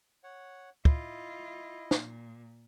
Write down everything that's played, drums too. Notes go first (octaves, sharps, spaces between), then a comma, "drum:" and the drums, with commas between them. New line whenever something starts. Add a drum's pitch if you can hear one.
C#5 F#5
E4 F4 D#5, drum: kick
A#2, drum: snare